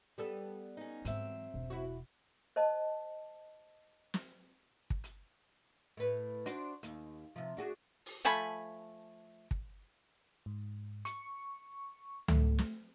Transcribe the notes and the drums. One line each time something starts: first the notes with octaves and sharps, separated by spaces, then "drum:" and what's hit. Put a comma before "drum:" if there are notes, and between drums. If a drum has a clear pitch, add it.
G3 B3 A4
C#4 D#4
G#2 E3 F#3 C4 E5, drum: hi-hat
E1
E4 F#4
C5 D#5 A5
drum: snare
drum: kick
drum: hi-hat
A2 B4
D4 F#4 C5, drum: hi-hat
D#2, drum: hi-hat
C3 F3
D4 F#4 G#4
drum: open hi-hat
F3 A3 G#5 B5
drum: kick
G#2
C#6, drum: hi-hat
A3, drum: tom C#2
drum: snare